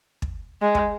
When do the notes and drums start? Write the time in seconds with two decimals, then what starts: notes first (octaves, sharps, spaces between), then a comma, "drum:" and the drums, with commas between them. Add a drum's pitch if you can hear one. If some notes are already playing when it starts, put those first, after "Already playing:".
0.22 drum: kick
0.62 G#3
0.75 drum: kick